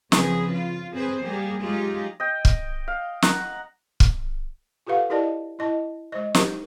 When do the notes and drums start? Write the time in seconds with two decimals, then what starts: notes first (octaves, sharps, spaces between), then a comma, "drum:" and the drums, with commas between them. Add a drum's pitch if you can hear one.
0.12 C#3 F3 C4 G#4 B4, drum: snare
0.52 F4
0.93 C4 G#4 B4 C5
1.22 G3 A#3 G4 G#4
1.61 F#3 G#3 D#4 F4 G4 G#4
2.20 D#5 G5
2.45 drum: kick
2.88 F5
3.22 F#5 A#5, drum: snare
4.00 drum: kick
4.87 F4 G4 A4 B4 F5 F#5
5.10 E4 G4 A#4 D5 D#5 A5
5.59 E4 D#5 A5
6.12 G#3 C5 D#5
6.35 D#4 F#4 G4 A#4 C5, drum: snare